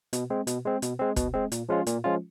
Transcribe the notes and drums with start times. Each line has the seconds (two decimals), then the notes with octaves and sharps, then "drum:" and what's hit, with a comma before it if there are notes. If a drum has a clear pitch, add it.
0.13 B2, drum: hi-hat
0.30 G#3 C4
0.47 B2, drum: hi-hat
0.65 G#3 C4
0.82 B2, drum: hi-hat
0.99 G#3 C4
1.16 B2, drum: kick, hi-hat
1.34 G#3 C4
1.52 A#2, drum: hi-hat
1.69 F3 G#3 C#4 F4
1.87 A#2, drum: hi-hat
2.04 F3 G#3 C#4 F4